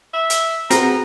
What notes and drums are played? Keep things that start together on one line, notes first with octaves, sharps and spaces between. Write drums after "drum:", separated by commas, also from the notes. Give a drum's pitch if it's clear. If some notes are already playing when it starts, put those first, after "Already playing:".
E5
drum: hi-hat
B3 C4 F#4 G#4 A#5, drum: hi-hat